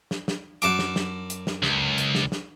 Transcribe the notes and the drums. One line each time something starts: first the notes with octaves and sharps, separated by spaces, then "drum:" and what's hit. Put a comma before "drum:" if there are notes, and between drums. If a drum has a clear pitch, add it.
drum: snare
drum: snare
F#2 A5 D6, drum: hi-hat
drum: snare
drum: snare
drum: hi-hat
drum: snare
C#2, drum: snare
drum: hi-hat
drum: snare
drum: snare